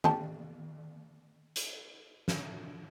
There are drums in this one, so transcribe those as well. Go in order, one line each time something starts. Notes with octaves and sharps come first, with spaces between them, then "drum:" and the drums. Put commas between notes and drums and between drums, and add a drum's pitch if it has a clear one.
C#4 G4 A5, drum: tom D#3
drum: hi-hat
drum: snare